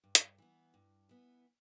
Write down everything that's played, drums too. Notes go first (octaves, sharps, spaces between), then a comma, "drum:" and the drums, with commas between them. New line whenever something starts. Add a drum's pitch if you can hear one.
G2
drum: hi-hat
E3 B3
G2
E3 B3